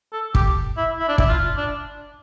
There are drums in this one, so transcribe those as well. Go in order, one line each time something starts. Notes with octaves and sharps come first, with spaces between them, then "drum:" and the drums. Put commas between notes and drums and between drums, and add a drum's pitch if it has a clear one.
A4
G4, drum: kick
E4
E4
D4
E4, drum: kick
F4
D4